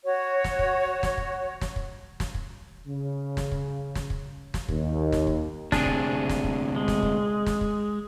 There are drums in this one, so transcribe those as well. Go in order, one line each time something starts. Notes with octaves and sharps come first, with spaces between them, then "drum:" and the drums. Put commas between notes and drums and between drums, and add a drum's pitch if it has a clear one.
F#4 C#5
drum: snare
drum: kick
drum: snare
drum: kick
drum: snare
drum: kick
drum: snare
drum: kick
C#3
drum: snare
drum: kick
drum: snare
drum: kick
drum: snare
D#2, drum: kick
drum: snare
drum: kick
D2 C3 D4 G#4, drum: snare
drum: kick
drum: snare
drum: kick
G#3
drum: snare
drum: kick
drum: snare
drum: kick